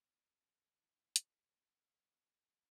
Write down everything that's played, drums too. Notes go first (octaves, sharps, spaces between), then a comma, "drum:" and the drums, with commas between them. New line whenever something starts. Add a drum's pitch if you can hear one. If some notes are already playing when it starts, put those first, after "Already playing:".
Already playing: B3
C#4
E4
E4, drum: hi-hat
C#4
C#4